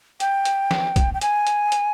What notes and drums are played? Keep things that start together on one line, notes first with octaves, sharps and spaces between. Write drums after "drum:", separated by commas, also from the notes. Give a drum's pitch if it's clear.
G5, drum: hi-hat
drum: hi-hat
drum: snare
drum: kick, hi-hat
G5
G#5, drum: hi-hat
drum: hi-hat
drum: hi-hat